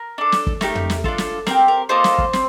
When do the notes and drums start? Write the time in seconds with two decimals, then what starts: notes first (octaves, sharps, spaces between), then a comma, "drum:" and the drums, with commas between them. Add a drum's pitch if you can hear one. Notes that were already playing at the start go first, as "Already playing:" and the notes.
Already playing: A#4
0.18 D4 A4
0.32 drum: snare
0.47 drum: kick
0.61 A3 D#4 G4 A#4, drum: snare
0.75 drum: tom
0.90 drum: snare
1.04 D4 F4 A4, drum: kick
1.18 drum: snare
1.47 C4 G4 A#4, drum: snare
1.68 A#4
1.89 A#3 F4 A4 C5 D#5
2.04 drum: snare
2.18 drum: kick
2.33 C4, drum: snare